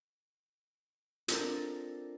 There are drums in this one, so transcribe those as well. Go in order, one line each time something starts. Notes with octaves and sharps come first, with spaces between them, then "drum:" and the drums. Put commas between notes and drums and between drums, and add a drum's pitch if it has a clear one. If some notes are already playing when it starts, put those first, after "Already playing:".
C4 D4 D#4 F4 A4 A#4, drum: hi-hat